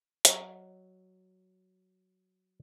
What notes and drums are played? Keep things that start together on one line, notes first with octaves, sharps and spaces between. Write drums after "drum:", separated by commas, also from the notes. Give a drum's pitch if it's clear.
F#3 D#5, drum: hi-hat